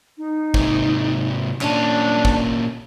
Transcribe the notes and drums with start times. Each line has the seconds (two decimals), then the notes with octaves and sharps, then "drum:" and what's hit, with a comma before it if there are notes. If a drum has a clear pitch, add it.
0.18 D#4
0.54 G#2 C3, drum: kick
1.61 A#2 C#4 D4, drum: clap
2.25 drum: kick